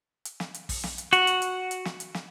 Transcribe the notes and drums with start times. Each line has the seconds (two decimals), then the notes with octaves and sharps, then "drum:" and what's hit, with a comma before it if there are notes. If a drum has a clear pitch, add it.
0.25 drum: hi-hat
0.40 drum: snare
0.54 drum: hi-hat
0.69 drum: kick, open hi-hat
0.84 drum: snare
0.98 drum: hi-hat
1.13 F#4, drum: hi-hat
1.27 drum: hi-hat
1.42 drum: hi-hat
1.71 drum: hi-hat
1.85 drum: snare
2.00 drum: hi-hat
2.14 drum: snare